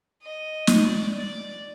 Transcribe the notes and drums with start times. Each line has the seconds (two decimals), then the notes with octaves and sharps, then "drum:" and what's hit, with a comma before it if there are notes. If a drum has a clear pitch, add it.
0.23 D#5
0.67 drum: snare
0.86 D5
1.20 D5